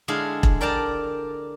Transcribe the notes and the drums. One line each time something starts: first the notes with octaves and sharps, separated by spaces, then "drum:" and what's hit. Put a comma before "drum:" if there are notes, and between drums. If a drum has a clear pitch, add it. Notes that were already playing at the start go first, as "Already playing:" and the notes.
D3 G#3 E4 G#4 A4 F5
drum: kick E1
A#4 D5 G5 A5 A#5